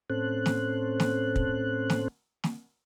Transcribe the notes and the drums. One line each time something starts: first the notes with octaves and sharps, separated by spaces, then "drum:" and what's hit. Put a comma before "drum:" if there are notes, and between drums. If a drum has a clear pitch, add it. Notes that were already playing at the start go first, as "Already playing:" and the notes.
A2 C4 C#4 A4 C5 F#6
drum: snare
drum: snare
drum: kick
drum: snare
drum: snare